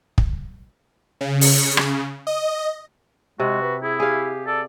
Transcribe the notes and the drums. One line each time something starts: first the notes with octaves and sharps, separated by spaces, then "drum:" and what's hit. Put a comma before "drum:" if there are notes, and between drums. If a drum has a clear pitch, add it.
drum: kick
C#3
drum: open hi-hat
drum: rim click
D#5
C3 G#3 F#4
B4
E4 G#4
G4 G#4 F5
A4 D5